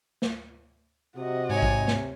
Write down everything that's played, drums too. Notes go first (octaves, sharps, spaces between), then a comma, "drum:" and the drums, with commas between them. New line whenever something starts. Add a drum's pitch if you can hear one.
drum: snare
C3 F#4 D#5
G#2 C#5 G#5
drum: kick A1
drum: snare